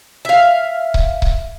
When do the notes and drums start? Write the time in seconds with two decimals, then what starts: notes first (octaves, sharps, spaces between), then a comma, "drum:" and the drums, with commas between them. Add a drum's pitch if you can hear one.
0.25 E5 F5
0.94 drum: kick C#1
1.22 drum: kick C#1